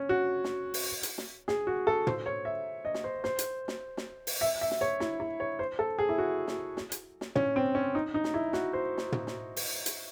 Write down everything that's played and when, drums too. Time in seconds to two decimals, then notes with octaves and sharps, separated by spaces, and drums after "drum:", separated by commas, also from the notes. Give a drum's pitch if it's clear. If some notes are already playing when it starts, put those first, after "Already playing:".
Already playing: C#4
0.09 F#4
0.44 drum: snare
0.74 drum: open hi-hat
1.03 drum: hi-hat
1.18 drum: snare
1.48 G#4, drum: snare
1.67 F#4
1.87 A4
2.07 C5, drum: tom
2.26 C#5
2.45 E5
2.85 D#5
2.94 drum: snare
3.04 C5
3.24 C5, drum: snare
3.39 drum: hi-hat
3.68 drum: snare
3.97 drum: snare
4.27 drum: open hi-hat
4.41 E5
4.61 E5
4.71 drum: snare
4.81 C#5
5.00 E4, drum: snare
5.20 E4
5.40 C#5
5.59 C5
5.79 A4
5.99 G#4
6.09 E4
6.18 F#4
6.48 drum: snare
6.77 drum: snare
6.92 drum: hi-hat
7.21 drum: snare
7.35 C#4, drum: tom
7.56 C4
7.75 C#4
7.95 D#4
8.14 D#4
8.24 drum: snare
8.34 E4
8.53 F#4, drum: snare
8.73 C5
8.98 drum: snare
9.12 drum: tom
9.27 drum: snare
9.56 drum: open hi-hat
9.86 drum: hi-hat